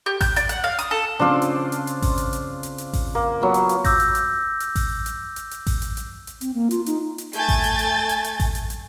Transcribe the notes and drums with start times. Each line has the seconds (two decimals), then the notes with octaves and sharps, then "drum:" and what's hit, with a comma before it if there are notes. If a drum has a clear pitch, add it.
0.06 G4
0.21 G6, drum: kick A1, open hi-hat
0.36 D5, drum: hi-hat
0.49 F#5, drum: hi-hat
0.64 F5
0.79 D#6, drum: hi-hat
0.91 A4
1.19 C#3 C4 D4 F4 C5 E6
1.42 drum: hi-hat
1.72 drum: hi-hat
1.87 drum: hi-hat
2.02 drum: kick A1, open hi-hat
2.18 drum: hi-hat
2.33 drum: hi-hat
2.63 drum: hi-hat
2.78 drum: hi-hat
2.93 drum: kick A1, open hi-hat
3.15 A#3
3.41 F#3 B3 F4
3.54 drum: hi-hat
3.69 drum: hi-hat
3.84 D6 E6 G6 A#6, drum: kick A1, open hi-hat
4.00 drum: hi-hat
4.15 drum: hi-hat
4.60 drum: hi-hat
4.75 drum: kick A1, open hi-hat
5.06 drum: hi-hat
5.36 drum: hi-hat
5.51 drum: hi-hat
5.67 drum: kick A1, open hi-hat
5.82 drum: hi-hat
5.97 drum: hi-hat
6.27 drum: hi-hat
6.41 C4, drum: hi-hat
6.54 A#3
6.71 F4, drum: hi-hat
6.86 D#4, drum: hi-hat
7.18 drum: hi-hat
7.33 A3 G#5 G6 A6, drum: hi-hat
7.49 drum: kick A1, open hi-hat
7.64 drum: hi-hat
7.79 drum: hi-hat
8.09 drum: hi-hat
8.24 drum: hi-hat
8.40 drum: kick A1, open hi-hat
8.55 drum: hi-hat
8.70 drum: hi-hat